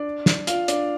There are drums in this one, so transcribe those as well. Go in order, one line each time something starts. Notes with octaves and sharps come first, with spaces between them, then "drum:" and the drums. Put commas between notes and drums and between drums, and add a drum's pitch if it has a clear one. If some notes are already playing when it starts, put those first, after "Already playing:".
Already playing: D4 D5
drum: snare
F4 F5, drum: hi-hat
D4 D5, drum: hi-hat